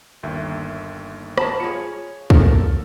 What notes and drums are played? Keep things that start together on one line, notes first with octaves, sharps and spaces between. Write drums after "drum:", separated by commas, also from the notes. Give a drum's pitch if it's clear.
G1 D#2 E5
A5 B5, drum: rim click
F4 G#4 C#5 C#7
A4 A#4, drum: kick